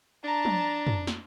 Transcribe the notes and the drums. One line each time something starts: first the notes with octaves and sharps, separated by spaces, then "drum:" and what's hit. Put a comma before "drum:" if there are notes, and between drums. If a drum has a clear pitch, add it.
D4 A5 A#5
drum: tom F3
drum: tom
drum: snare